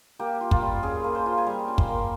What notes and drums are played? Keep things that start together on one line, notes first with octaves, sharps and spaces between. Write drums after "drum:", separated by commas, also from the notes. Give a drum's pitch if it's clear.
A#3 G4
F4
F4, drum: kick
G3
C#4 G#4
A#3
C5
F4
G#5
G3 A#5
C#4
C6, drum: kick
A#3